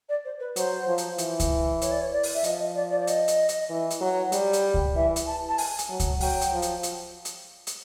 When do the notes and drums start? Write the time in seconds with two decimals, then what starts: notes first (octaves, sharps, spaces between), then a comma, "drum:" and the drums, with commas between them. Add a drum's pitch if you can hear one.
0.09 D5
0.25 C5
0.40 B4
0.56 F#3 C5, drum: hi-hat
0.87 F3
0.98 drum: hi-hat
1.18 E3, drum: hi-hat
1.40 drum: kick C#2, hi-hat
1.82 C#5, drum: hi-hat
1.91 D5
2.01 C#5
2.13 D5
2.23 drum: open hi-hat
2.34 E5
2.44 F3 D#5, drum: hi-hat
2.60 D#5
2.76 D5
2.91 D5
3.01 D5
3.07 D#5, drum: hi-hat
3.28 drum: hi-hat
3.49 drum: hi-hat
3.70 E3
3.91 drum: hi-hat
4.01 F#3
4.32 G3, drum: hi-hat
4.53 drum: hi-hat
4.74 drum: kick C#2
4.95 E3 E5
5.16 drum: hi-hat
5.27 A5
5.49 A5
5.58 G#5, drum: open hi-hat
5.79 drum: hi-hat
5.90 F#3
6.00 drum: kick C#2, hi-hat
6.20 F#3 G5, drum: open hi-hat
6.41 drum: hi-hat
6.52 F3
6.62 drum: hi-hat
6.83 drum: hi-hat
7.25 drum: hi-hat
7.67 drum: hi-hat